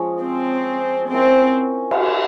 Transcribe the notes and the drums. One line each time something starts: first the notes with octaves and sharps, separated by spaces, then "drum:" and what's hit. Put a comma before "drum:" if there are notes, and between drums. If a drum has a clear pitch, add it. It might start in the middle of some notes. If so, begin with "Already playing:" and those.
Already playing: F3 G#3 C#4
C4
C4 C#4 E4 A#4 E5
drum: cymbal